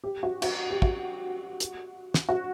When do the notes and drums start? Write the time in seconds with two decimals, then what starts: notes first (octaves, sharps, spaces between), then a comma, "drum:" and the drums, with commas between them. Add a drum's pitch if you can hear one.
0.04 G4
0.23 F#4
0.42 F#4, drum: cymbal
0.71 G4
0.82 F#4, drum: kick
1.60 drum: hi-hat
2.14 drum: snare
2.29 F#4